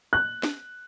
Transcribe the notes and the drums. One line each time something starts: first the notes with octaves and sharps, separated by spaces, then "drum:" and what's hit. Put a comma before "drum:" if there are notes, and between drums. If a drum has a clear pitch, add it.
F#6
drum: snare